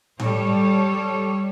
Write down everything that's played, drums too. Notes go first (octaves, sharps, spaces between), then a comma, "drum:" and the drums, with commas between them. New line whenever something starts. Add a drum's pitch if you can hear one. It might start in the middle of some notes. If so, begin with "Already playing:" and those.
G3 A4 C#5, drum: tom A2